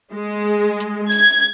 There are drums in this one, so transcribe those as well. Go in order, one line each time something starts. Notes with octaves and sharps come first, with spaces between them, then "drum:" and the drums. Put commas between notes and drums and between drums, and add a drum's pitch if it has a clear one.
G#3
drum: hi-hat
G#6, drum: open hi-hat